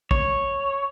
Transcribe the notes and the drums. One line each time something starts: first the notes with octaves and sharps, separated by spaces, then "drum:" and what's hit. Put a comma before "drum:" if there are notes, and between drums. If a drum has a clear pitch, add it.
C#5, drum: kick